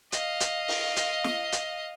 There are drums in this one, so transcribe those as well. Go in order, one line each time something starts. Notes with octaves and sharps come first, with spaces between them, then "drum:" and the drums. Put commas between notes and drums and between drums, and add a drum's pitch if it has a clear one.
D#5 F5, drum: hi-hat
drum: hi-hat
drum: open hi-hat
drum: hi-hat
drum: snare
drum: hi-hat